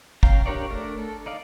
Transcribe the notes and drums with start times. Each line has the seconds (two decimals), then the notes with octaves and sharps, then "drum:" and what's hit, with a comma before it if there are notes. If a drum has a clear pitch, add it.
0.23 C#4 F5 G5 A#5, drum: kick
0.46 D4 G4 A#4 C#5 D5
0.70 A3 D4 A#4 D5
0.98 A4
1.26 D#4 D5 F5